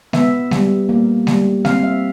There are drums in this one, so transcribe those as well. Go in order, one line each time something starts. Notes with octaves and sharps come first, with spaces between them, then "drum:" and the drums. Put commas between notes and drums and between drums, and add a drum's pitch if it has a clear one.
B3 E5, drum: snare G#3
G3, drum: snare G#3
A#3
G3, drum: snare G#3
C4 F5, drum: snare G#3
E5